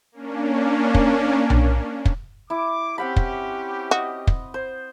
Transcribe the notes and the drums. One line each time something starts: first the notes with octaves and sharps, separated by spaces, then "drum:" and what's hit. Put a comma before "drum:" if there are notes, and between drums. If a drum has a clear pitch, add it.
A#3 C#4 D4
drum: kick
drum: tom B1
drum: kick
E4 D6
C4 C#4 G4 F#5 B5
drum: kick
F#4 D#5
drum: kick
C5